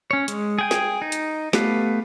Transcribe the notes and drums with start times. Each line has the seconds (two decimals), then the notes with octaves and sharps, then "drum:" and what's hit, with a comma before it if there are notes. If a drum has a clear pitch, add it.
0.11 C#4 C#5
0.28 G#3, drum: hi-hat
0.59 G#4 G5 G#5
0.71 drum: snare
1.02 D#4
1.12 drum: hi-hat
1.53 A3 B3 G4 B4 F5, drum: snare